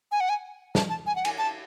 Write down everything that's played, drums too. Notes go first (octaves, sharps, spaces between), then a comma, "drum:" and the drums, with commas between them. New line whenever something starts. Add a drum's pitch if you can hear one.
G#5
F#5
G#5
A5, drum: snare
A5
G#5
F#5
G#5, drum: cymbal
A5